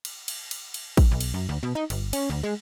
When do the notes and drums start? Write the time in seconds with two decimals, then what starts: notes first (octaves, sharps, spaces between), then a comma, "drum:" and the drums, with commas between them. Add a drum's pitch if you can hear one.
0.05 drum: cymbal
0.28 drum: cymbal
0.51 drum: cymbal
0.74 drum: cymbal
0.97 drum: kick A1, cymbal
1.11 B1
1.21 drum: cymbal
1.34 F#2
1.49 D2
1.63 B2
1.75 D#4
1.90 G1, drum: cymbal
2.13 C#4, drum: cymbal
2.30 D2
2.43 G#3